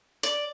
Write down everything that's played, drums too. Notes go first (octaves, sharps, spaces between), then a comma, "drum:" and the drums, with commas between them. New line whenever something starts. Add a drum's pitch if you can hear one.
D5, drum: hi-hat